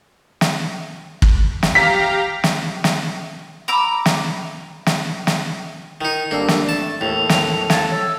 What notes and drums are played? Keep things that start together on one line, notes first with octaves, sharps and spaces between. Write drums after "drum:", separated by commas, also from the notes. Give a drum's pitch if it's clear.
drum: snare
drum: kick
drum: snare
G4 F5 A#5 B6
drum: snare
drum: snare
A#5 B5 D6 E6
drum: snare
drum: snare
drum: snare
D#3 D#4
G#1 G3 A#3 D4 A4 E6
drum: snare
A3 A5
D#2 A2 E3 A4 F7
drum: snare
F5 A5 G#6, drum: snare
C#5 E6